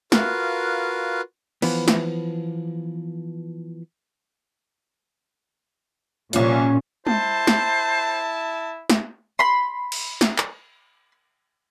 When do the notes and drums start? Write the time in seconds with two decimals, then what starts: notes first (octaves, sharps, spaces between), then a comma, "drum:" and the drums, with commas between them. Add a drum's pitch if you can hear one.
0.12 F4 F#4 A#4 B4 F5, drum: snare
1.62 E3 F3 B3, drum: cymbal
1.88 drum: snare
6.33 C2 A#2 F3 C#4, drum: hi-hat
7.07 E4 C5 A5, drum: tom
7.47 drum: snare
8.90 drum: snare
9.39 B5 C6
9.92 drum: cymbal
10.21 drum: snare
10.38 drum: clap